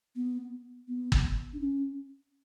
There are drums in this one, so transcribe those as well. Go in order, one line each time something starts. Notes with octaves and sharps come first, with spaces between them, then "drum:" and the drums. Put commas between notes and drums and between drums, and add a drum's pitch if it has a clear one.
B3
B3
drum: kick G1
D4
C#4